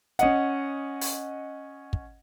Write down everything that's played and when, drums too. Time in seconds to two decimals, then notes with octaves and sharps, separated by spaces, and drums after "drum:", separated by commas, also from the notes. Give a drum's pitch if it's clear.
0.19 C#4 D#5 F#5, drum: hi-hat
1.01 drum: open hi-hat
1.93 drum: kick